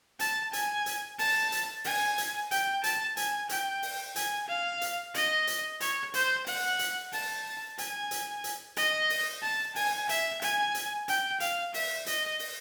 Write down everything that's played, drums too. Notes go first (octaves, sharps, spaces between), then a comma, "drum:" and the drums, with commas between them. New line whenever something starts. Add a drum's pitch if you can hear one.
A5, drum: hi-hat
G#5, drum: hi-hat
drum: hi-hat
A5, drum: open hi-hat
drum: hi-hat
G#5, drum: open hi-hat
drum: hi-hat
G5, drum: hi-hat
A5, drum: hi-hat
G#5, drum: hi-hat
G5, drum: hi-hat
drum: open hi-hat
G#5, drum: hi-hat
F5
drum: hi-hat
D#5, drum: hi-hat
drum: hi-hat
C#5, drum: hi-hat
C5, drum: hi-hat
F#5, drum: open hi-hat
drum: hi-hat
A5, drum: open hi-hat
G#5, drum: hi-hat
drum: hi-hat
drum: hi-hat
D#5, drum: hi-hat
drum: open hi-hat
A5
G#5, drum: open hi-hat
E5, drum: hi-hat
G#5, drum: hi-hat
drum: hi-hat
G5, drum: hi-hat
F5, drum: hi-hat
E5, drum: open hi-hat
D#5, drum: hi-hat
drum: open hi-hat